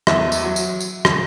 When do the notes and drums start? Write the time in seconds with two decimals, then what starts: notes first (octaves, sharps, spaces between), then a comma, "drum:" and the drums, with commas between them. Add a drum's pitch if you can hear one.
0.07 E2 E5, drum: rim click
0.32 drum: tambourine
0.43 F#3
0.56 drum: tambourine
0.80 drum: tambourine
1.05 drum: rim click